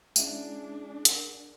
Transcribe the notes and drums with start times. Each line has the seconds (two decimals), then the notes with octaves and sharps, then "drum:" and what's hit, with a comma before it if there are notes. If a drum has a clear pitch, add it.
0.16 G#3 C#4 D4 E4 G#4 E5 F#5, drum: tambourine
1.05 A#4 F#5, drum: hi-hat